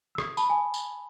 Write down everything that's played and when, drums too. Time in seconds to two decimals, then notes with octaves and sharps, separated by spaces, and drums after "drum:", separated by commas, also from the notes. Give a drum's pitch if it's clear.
0.15 E6
0.18 C#6 D#6, drum: rim click
0.37 A5 B5, drum: tambourine
0.50 G#5
0.74 drum: tambourine